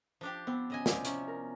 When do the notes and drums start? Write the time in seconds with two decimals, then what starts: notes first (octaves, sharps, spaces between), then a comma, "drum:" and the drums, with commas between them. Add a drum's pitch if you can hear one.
0.21 F3 D4 G4
0.47 B3 C4
0.70 C#3 D#5 G#5
0.86 F3 E4 D5, drum: snare
1.05 C3 C#4, drum: hi-hat
1.28 A#4